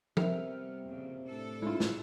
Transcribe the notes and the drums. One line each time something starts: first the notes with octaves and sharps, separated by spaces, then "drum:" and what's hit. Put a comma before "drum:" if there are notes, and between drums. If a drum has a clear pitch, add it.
C3 G3 B3 A#4 E5 G5 F6, drum: tom
F2 A#2 C#3
A2 D4 A4
G#2 A3 C#4 E4 F4
drum: snare